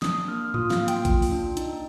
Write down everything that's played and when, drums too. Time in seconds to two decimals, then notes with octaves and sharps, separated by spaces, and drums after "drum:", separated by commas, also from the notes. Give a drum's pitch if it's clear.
0.02 D4 D#6, drum: snare
0.28 A#3 F6
0.45 F6
0.54 F4 D#6, drum: tom G#2
0.70 F5, drum: snare
0.80 A#3
0.88 G5, drum: hi-hat
1.05 F4, drum: kick, hi-hat
1.22 drum: open hi-hat
1.32 D4
1.57 D#4, drum: hi-hat